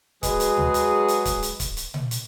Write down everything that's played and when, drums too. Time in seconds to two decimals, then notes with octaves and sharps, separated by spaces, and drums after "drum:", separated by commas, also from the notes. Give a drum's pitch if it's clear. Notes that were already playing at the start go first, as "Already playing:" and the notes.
0.23 F#3 G#3 G#4 B4, drum: kick C#1, hi-hat
0.40 drum: hi-hat
0.57 drum: tom
0.74 drum: hi-hat
1.08 drum: hi-hat
1.25 drum: kick C#1, hi-hat
1.43 drum: hi-hat
1.60 drum: kick C#1, hi-hat
1.77 drum: hi-hat
1.94 drum: tom A#2
2.11 drum: hi-hat